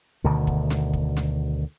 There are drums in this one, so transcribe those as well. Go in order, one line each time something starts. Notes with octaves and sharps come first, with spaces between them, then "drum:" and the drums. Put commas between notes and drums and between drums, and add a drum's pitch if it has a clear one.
D2 B2 D3 D#3
drum: kick
drum: snare
drum: kick
drum: snare